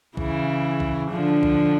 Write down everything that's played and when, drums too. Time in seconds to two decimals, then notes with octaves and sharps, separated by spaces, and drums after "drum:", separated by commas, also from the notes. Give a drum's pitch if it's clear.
0.17 C#3 E3, drum: kick A#1
0.80 drum: kick A#1
1.12 D3 F3
1.43 drum: kick A#1